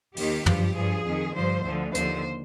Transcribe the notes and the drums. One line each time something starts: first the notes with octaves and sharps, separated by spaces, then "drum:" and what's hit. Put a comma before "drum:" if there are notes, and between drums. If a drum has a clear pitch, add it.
D#2 D#3 G4, drum: open hi-hat
G2 F3, drum: tom
G2 F3 G#4
F2 D#3
G2 D3 F3 C5
D2 D3 F3
D#2 D3 F3 C5, drum: hi-hat